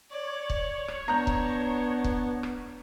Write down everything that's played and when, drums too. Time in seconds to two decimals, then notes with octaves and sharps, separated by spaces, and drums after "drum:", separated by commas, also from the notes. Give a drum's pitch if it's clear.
0.11 C#5 D5
0.50 drum: kick
0.88 drum: rim click
1.08 B3 D4 A#5 G6
1.27 drum: kick
2.04 drum: kick
2.43 drum: rim click